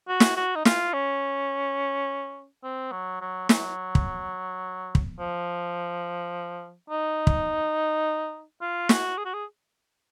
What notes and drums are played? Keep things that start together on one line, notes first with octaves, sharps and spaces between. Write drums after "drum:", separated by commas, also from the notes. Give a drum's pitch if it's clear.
F#4
drum: snare
F#4
D#4
F4, drum: snare
C#4
C4
F#3
F#3
F#3, drum: snare
drum: kick
drum: kick
F3
D#4
drum: kick
F4
F#4, drum: snare
G#4
F#4
G#4